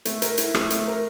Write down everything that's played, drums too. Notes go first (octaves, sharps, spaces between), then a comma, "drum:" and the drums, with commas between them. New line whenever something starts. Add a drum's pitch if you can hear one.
A3, drum: hi-hat
A#4, drum: hi-hat
E4, drum: hi-hat
A3, drum: rim click
A3, drum: hi-hat
A#4